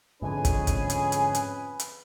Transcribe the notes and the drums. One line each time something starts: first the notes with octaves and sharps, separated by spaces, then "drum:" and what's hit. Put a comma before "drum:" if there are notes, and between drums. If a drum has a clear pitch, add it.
F2 G#2 D3 C#4 G#4 B4 G#5
drum: kick, hi-hat
drum: kick, hi-hat
drum: hi-hat
drum: hi-hat
drum: hi-hat
drum: hi-hat